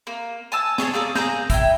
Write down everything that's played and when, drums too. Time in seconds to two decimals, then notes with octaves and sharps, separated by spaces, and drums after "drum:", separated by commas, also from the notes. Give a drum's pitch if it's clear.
0.07 A#3
0.52 G#5 A5 E6
0.78 G#4 C#5 E5 A5, drum: snare
0.94 A#3 G#4 A4 D5
1.15 A#3 G#4 A#5 G6, drum: snare
1.50 E4 G5, drum: kick, hi-hat